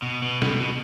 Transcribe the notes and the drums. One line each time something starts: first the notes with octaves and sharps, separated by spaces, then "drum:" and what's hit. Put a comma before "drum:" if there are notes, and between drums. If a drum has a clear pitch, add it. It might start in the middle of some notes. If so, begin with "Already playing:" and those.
B2
B2
B2, drum: snare
B2